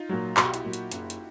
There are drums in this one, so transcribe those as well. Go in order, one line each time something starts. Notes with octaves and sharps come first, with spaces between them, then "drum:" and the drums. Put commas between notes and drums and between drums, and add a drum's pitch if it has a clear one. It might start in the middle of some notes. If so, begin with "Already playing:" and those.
Already playing: D#4 F4
A#2 F#3
B1 F#4, drum: clap
G4
E4 F#4, drum: hi-hat
A#2 F#3
drum: hi-hat
F#1, drum: hi-hat
drum: hi-hat